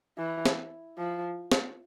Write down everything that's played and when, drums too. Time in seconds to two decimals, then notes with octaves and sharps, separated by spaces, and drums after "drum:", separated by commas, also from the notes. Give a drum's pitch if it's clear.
0.18 E3
0.45 drum: snare
0.98 F3
1.52 drum: snare